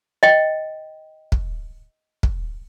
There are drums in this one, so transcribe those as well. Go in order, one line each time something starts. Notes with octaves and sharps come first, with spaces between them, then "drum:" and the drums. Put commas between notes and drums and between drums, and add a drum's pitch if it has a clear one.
D#5 G5
drum: kick
drum: kick